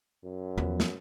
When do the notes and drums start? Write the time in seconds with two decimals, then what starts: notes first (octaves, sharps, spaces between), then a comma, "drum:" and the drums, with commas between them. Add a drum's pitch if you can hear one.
0.24 F#2
0.58 E2 F3 B3
0.80 drum: snare